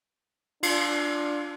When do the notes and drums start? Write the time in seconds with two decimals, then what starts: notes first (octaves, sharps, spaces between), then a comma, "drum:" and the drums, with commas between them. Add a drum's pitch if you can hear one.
0.63 D4 F4, drum: cymbal